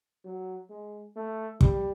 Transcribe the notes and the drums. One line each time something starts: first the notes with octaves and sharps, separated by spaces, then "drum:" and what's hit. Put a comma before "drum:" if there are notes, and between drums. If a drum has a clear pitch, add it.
F#3
G#3
A3
G3, drum: kick